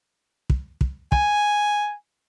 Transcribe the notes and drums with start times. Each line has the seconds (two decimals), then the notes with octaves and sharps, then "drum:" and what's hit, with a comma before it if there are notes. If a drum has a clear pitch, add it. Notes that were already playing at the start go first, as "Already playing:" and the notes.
0.50 drum: kick
0.81 drum: kick
1.12 G#5, drum: kick